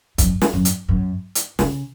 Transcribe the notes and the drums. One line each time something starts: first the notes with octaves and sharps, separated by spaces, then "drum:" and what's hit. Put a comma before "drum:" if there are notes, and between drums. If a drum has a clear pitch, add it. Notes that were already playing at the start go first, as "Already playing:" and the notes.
F#2, drum: kick, hi-hat
drum: snare
F#2
drum: hi-hat
F#2
drum: hi-hat
C#3, drum: snare